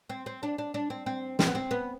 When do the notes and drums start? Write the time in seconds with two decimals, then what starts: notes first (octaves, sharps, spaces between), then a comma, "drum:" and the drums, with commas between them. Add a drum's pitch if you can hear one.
0.09 C4
0.26 C4
0.43 D4
0.58 D4
0.74 D4
0.90 C4
1.06 C4
1.39 C4, drum: snare
1.47 B3
1.55 C4
1.71 B3